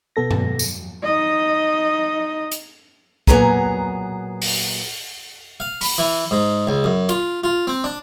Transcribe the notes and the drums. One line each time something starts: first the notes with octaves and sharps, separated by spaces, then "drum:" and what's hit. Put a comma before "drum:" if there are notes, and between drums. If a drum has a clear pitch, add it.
B2 B3 A4 A#6
drum: tom G2
drum: tambourine
D#4 D#5
drum: hi-hat
A#2 F#3 B3 G#4 A#5, drum: kick
drum: open hi-hat
F5
B5, drum: open hi-hat
E3
G#2
C#2
F#2
F4, drum: hi-hat
F4
C4
D4